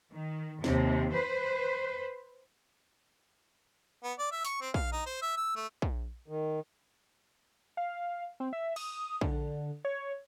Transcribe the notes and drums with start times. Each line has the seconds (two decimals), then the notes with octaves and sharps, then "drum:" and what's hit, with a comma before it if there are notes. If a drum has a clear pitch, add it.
0.13 D#3
0.64 D#2 C3, drum: snare
1.14 B4 C5
4.04 B3
4.18 D5
4.31 E5
4.45 C#6, drum: open hi-hat
4.61 C4
4.74 F5, drum: kick
4.92 D#4
5.06 C5
5.22 E5
5.37 E6
5.56 A3
5.82 drum: kick
6.28 D#3
7.77 F5
8.40 C4
8.53 E5
8.76 D#6, drum: cymbal
9.21 D3, drum: kick
9.85 C#5